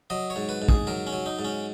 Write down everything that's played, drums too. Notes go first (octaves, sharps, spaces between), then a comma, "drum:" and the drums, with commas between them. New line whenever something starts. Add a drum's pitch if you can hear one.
F#3 D#5
C#5
G#2
B4
G#2
G#4, drum: kick
F#3 A#4
C#4
F#3
D#4
G#2
C#4